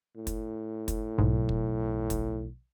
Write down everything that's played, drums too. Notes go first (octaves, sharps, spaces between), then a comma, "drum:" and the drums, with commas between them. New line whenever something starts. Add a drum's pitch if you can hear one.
A2
drum: kick, hi-hat
drum: kick, hi-hat
B1 E2 G#2
drum: kick
drum: kick, hi-hat